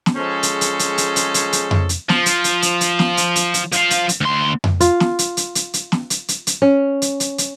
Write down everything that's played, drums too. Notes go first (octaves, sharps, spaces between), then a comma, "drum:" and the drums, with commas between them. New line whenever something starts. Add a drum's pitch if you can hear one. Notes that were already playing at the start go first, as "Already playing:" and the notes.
drum: snare
F3 G#3 C#4 G#4 A4 C5
drum: hi-hat
drum: hi-hat
drum: hi-hat
drum: hi-hat
drum: hi-hat
drum: hi-hat
drum: hi-hat
drum: tom F2
drum: hi-hat
F3, drum: snare
drum: hi-hat
drum: hi-hat
drum: hi-hat
drum: hi-hat
drum: snare
drum: hi-hat
drum: hi-hat
drum: hi-hat
F3 F5, drum: hi-hat
drum: hi-hat
drum: hi-hat
D2 C6
drum: tom F2
F4, drum: hi-hat
drum: snare
drum: hi-hat
drum: hi-hat
drum: hi-hat
drum: hi-hat
drum: snare
drum: hi-hat
drum: hi-hat
drum: hi-hat
C#4
drum: hi-hat
drum: hi-hat
drum: hi-hat